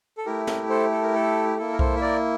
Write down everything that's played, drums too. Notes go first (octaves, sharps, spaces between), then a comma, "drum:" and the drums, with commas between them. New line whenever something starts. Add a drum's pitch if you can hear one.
A4
A3 E4 G4 A#4
A#4, drum: snare
A4 C5
A4
A#4
A4
A#3 E4 A4
A#4
A4 C5, drum: kick B1
E5
A#4 D5